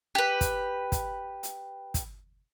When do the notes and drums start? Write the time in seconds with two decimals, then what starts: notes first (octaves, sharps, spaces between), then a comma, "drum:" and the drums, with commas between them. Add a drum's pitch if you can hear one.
0.15 G4 B4
0.41 drum: kick, hi-hat
0.92 drum: kick, hi-hat
1.43 drum: hi-hat
1.94 drum: kick, hi-hat